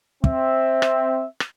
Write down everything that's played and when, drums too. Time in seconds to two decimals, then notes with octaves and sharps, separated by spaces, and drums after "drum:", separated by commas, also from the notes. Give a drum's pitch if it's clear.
0.24 C4 E5, drum: kick
0.82 drum: rim click
1.40 drum: rim click